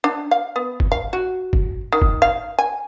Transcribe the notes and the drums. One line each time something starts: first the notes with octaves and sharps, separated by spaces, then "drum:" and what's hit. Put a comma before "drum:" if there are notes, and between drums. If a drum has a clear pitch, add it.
D4
F5
B3
drum: kick
F5
F#4
drum: kick
D#3
drum: kick
F5
G#5